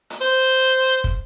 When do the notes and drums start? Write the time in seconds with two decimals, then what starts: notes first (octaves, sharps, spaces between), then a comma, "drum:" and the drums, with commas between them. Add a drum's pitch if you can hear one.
0.10 drum: hi-hat
0.21 C5
1.04 drum: kick